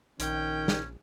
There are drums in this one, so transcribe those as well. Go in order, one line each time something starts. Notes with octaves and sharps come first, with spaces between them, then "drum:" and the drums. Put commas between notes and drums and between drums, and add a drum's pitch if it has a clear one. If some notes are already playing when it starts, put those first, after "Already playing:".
A#1 D#3 C#4 G5, drum: hi-hat
drum: snare